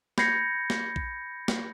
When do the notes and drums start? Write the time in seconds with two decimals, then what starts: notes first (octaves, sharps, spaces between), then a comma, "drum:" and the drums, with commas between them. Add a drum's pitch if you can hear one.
0.18 B5 G6 G#6 A#6 C7 C#7, drum: snare A#3
0.70 drum: snare A#3
0.96 drum: kick A#1
1.48 drum: snare A#3